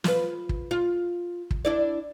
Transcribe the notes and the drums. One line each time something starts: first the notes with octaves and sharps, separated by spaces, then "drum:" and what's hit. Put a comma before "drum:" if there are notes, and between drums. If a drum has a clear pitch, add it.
F4 B4, drum: snare
drum: kick
F4
drum: kick
D4 E4 D5